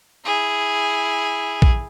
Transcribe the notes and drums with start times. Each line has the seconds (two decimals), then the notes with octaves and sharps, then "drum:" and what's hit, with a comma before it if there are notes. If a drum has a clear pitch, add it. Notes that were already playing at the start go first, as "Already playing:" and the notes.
0.24 E4 G#4
1.62 drum: kick